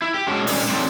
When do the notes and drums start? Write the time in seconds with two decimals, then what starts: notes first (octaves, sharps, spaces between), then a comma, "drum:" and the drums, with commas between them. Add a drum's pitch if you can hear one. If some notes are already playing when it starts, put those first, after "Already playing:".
0.02 E4
0.14 G4
0.27 G#3 C#4 D4 F#4
0.47 A2 D3 F#3 G3 C#4, drum: open hi-hat
0.69 D3 D#3 F#3 A3 C4 D4